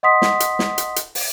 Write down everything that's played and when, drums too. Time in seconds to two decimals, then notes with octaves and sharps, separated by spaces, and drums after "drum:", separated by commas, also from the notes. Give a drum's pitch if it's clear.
0.03 D#5 F#5 C6 D#6 B6
0.22 drum: snare
0.40 drum: hi-hat
0.59 drum: snare
0.78 drum: hi-hat
0.96 drum: hi-hat
1.15 drum: open hi-hat